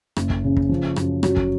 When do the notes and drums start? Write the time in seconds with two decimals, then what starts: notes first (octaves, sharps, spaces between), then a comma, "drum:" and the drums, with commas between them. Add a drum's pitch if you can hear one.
0.16 F#1, drum: rim click
0.30 drum: kick
0.44 C#3
0.57 drum: kick
0.69 F3
0.96 F#2, drum: rim click
1.23 F#3, drum: rim click
1.37 drum: kick